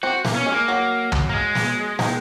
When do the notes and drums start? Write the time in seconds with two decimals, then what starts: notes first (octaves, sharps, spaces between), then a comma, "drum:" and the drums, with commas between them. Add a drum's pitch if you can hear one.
0.03 C4 F#4 C5
0.25 A#3 A#4, drum: snare
0.36 C#4
0.46 G#3 G#4
0.52 A#3
0.68 F#3 F#4
1.12 drum: tom
1.29 A#3
1.34 G#3
1.55 drum: snare
1.99 D#3 D#4, drum: snare